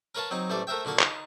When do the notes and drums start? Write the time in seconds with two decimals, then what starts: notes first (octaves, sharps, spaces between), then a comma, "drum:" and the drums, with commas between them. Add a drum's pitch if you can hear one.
0.15 A#4 B4 C#5 F5 A5
0.31 F#3 C4 D#4
0.50 A1 G3 A3 C5 D5
0.67 A3 A#4 C5 E5 G5
0.85 A#2 D3 F#4 F5 C6
0.99 D#4, drum: clap